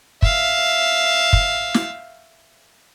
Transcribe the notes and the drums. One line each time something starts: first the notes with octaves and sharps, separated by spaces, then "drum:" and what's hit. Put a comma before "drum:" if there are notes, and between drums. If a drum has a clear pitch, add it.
E5 F5, drum: kick
drum: kick
drum: snare